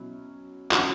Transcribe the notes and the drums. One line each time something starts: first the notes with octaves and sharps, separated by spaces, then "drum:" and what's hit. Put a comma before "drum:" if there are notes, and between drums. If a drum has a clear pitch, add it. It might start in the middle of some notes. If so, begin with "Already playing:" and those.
Already playing: B2 F#3 C#4 E4
D3 F#3 C#4 E4 F#4, drum: clap